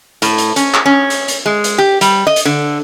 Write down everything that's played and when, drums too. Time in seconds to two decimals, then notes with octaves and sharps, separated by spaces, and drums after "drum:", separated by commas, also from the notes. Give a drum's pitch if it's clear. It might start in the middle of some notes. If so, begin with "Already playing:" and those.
0.22 A2, drum: hi-hat
0.38 drum: hi-hat
0.56 C#4, drum: hi-hat
0.74 drum: clap
0.86 C#4
1.10 drum: hi-hat
1.28 drum: hi-hat
1.46 G#3
1.64 drum: hi-hat
1.78 G4
2.01 G3, drum: hi-hat
2.27 D#5
2.36 drum: hi-hat
2.45 D3